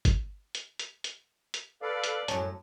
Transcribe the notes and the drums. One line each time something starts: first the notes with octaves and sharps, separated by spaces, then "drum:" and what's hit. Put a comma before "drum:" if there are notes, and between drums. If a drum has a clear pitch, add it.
drum: kick G1, hi-hat
drum: hi-hat
drum: hi-hat
drum: hi-hat
drum: hi-hat
A4 B4 D5 F5
drum: hi-hat
F#2 A2 C#4 A5, drum: hi-hat